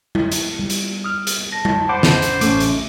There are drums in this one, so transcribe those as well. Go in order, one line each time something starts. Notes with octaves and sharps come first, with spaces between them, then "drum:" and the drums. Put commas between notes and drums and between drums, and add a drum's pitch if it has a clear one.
E4, drum: tom G3
drum: hi-hat
G3
drum: hi-hat
D#6 F6
drum: hi-hat
A5 A#6
drum: tom G3
C5 F#5 B5 D6
drum: snare
drum: hi-hat
A1 A3 C#4 A4 D6, drum: hi-hat
drum: hi-hat